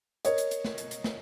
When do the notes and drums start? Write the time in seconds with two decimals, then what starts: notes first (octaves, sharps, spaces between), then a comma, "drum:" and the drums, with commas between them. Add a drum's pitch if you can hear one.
0.25 A#4 C#5 D#5, drum: hi-hat
0.38 drum: hi-hat
0.51 drum: hi-hat
0.64 drum: snare
0.78 drum: hi-hat
0.91 drum: hi-hat
1.04 drum: snare